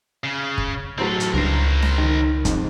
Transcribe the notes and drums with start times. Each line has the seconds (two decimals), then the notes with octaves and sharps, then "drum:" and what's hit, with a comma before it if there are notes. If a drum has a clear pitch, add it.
0.24 C#3
0.58 drum: kick
0.98 A2 F#3 C4 A4
1.20 drum: hi-hat
1.34 C#2 G2 A#4 C5
1.82 drum: snare C#4
1.98 D#3
2.45 F2 G#2, drum: kick, hi-hat